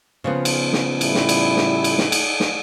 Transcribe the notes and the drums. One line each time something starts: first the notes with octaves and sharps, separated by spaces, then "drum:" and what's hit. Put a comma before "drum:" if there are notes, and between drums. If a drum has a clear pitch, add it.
C#3 F3 B3
drum: cymbal
drum: snare
A2 G3 E4, drum: cymbal
drum: snare
drum: cymbal
drum: snare
drum: cymbal
drum: snare
drum: cymbal
drum: snare